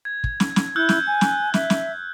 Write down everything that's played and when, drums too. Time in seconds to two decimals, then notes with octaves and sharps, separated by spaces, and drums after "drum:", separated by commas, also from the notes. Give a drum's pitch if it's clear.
0.05 G#6
0.24 drum: kick
0.40 drum: snare
0.56 drum: snare
0.76 E4 E6 F#6 G6
0.89 drum: snare
1.07 G#5
1.21 drum: snare
1.54 E5, drum: snare
1.70 drum: snare